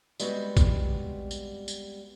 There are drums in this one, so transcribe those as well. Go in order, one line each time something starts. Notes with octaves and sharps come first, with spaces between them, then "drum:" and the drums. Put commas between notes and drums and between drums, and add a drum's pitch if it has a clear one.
G3 G#3 B3 C4 F#4, drum: tambourine
drum: kick A#1, tambourine
drum: tambourine
drum: tambourine